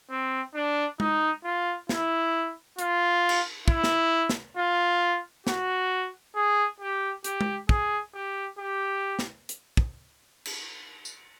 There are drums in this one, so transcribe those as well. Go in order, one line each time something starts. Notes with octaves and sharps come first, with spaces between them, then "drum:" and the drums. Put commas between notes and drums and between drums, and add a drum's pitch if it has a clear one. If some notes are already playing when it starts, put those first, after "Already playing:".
C4
D4
D#4, drum: tom G#3
F4
E4, drum: snare
F4, drum: hi-hat
drum: cymbal
E4, drum: kick
drum: snare
drum: snare
F4
F#4, drum: snare
G#4
G4
G4, drum: hi-hat
drum: tom G#3
G#4, drum: kick
G4
G4
drum: snare
drum: hi-hat
drum: kick
drum: cymbal
drum: tambourine